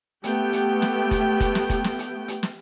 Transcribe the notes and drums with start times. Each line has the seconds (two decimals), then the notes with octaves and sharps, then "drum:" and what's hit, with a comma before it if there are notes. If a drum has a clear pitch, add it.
0.24 A3 B3 G4 G5, drum: hi-hat
0.53 drum: hi-hat
0.82 drum: snare
1.11 drum: kick F1, hi-hat
1.40 drum: kick F1, hi-hat
1.55 drum: snare
1.70 drum: kick F1, hi-hat
1.84 drum: snare
1.99 drum: hi-hat
2.28 drum: hi-hat
2.43 drum: snare